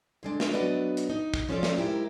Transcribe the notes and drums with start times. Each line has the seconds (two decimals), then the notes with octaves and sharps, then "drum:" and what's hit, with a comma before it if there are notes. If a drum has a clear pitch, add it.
0.23 D3 G#3 D4
0.40 drum: snare
0.53 F#3 B3 D4 F#4 B4 D#5
0.97 drum: hi-hat
1.10 D#4
1.34 drum: kick
1.48 F3 C#4 F4 A4 D5
1.63 drum: snare
1.78 G#2 E4 G4 A#4